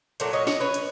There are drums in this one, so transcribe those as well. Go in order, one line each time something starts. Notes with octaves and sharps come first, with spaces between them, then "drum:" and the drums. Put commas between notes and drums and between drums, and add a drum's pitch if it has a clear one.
A#2 F#3 A3, drum: hi-hat
C#5 D#5
C#5 D#5, drum: snare
B4 C#5
drum: hi-hat